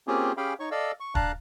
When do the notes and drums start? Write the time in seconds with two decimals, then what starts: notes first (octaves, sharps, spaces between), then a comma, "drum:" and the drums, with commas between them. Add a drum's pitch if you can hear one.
0.08 A#3 C4 C#4 F4 G4 G#4
0.37 C#4 G4 G#4 F5 G5 B5
0.60 D#4 C#5 C#6
0.71 A4 D5 D#5 F5 E6
1.00 C#6
1.15 D4 F5 A5 A#5 F#6, drum: kick